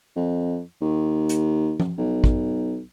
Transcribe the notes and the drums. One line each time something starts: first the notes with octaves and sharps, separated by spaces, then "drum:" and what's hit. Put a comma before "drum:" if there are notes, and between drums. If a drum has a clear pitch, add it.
F2
D#2
drum: hi-hat
drum: tom F3
B1
drum: kick